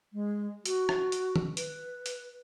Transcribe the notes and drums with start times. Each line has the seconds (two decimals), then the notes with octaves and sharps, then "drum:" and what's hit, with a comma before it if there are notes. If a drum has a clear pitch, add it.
0.13 G#3
0.66 F#4, drum: hi-hat
0.89 drum: rim click
1.12 drum: hi-hat
1.36 drum: tom
1.57 B4, drum: hi-hat
2.06 drum: hi-hat